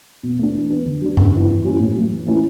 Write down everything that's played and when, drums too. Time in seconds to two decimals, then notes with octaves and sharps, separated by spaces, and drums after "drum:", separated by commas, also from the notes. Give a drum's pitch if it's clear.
0.23 B2
0.39 A3 D4
0.55 E3
0.70 B3 D4
0.86 D3
1.02 G3 D4
1.17 C#3, drum: tom G2
1.33 E3 B3 E4
1.49 E3
1.65 G3 C#4 E4
1.79 A2
1.96 F#3 A3
2.11 E3
2.27 A3 C#4 E4